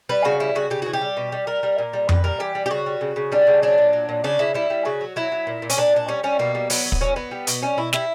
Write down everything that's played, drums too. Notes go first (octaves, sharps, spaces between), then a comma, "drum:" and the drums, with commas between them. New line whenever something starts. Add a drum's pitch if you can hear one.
G3 B4
C#3 F#4
G3 E4
C#3 F#4
C#3 G4
E3 F#4
G4
G3
B2
G3
G3 A#4
G3
A#2
G3
A#2 B4, drum: tom F2
G3 A#4
E3 G4
G3
G4
C#3 F#4
G3
C#3
C#3
G3 D4
C#3
F#3 D4
A#2
F#3
A#2
C#3 D4
C#3 E4
G3 E4
G3
C#3 F#4
F#3
F#3 E4
F#3
A#2
A#2
C#4, drum: hi-hat
A#2 D4
A#2 D4
G3 C#4
G3 C#4
B2 A#3
G3
F#3 B3, drum: open hi-hat
F#3
B3, drum: kick
F#3 C#4
F#3 B3
G3
B2, drum: hi-hat
G3 C#4
B2 E4
G3 E4, drum: snare